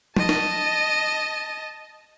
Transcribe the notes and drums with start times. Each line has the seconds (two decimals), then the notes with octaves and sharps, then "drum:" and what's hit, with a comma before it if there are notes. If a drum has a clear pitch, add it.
0.17 D#5 A5, drum: tom F3
0.29 drum: snare